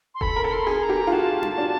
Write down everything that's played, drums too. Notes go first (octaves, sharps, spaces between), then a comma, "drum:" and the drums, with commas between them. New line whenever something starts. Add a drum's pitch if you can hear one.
C6
A4 B5, drum: kick E1
A#4
A4 B5
C6
G#4
A#5
G4
F4
F#4 A5
drum: tom D4
D4